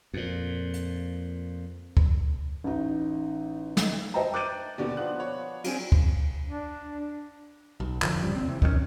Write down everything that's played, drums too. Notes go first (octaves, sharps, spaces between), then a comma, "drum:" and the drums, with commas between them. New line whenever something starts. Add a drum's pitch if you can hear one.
F2 A#2
drum: hi-hat
drum: kick C#2
A1 D#4
drum: snare
C5 D#5 E5 G5 A5 A#5
D6 F#6 G6 A6 D7 D#7
D#2 B2 D3 D5
F3 B3 C5 F#6
C#5
F#3 C4 D4 G#4 F5, drum: cymbal
drum: kick C#2
D4
B1
F1 F2 D3 F3, drum: clap
G#1 F2 C#3 G3
D#2 C4
C3 E3
B1 D#3 G3 C#4, drum: kick C#2